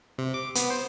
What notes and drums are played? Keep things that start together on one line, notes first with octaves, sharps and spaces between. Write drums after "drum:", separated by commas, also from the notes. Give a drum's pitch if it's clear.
C3
D6
B3, drum: hi-hat
C5